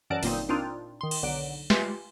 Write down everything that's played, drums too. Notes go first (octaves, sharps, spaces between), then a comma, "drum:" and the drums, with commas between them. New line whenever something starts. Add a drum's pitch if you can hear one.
F#2 E3 F#3 A#4 D5 A5
G1 A#2 A#3 C4 D#4, drum: open hi-hat
A#2 C4 D4 D#4 F4
D#3 C6
drum: cymbal
B1 D3 F#3 D7
F4 G4 B4 E5 G#5 C6, drum: snare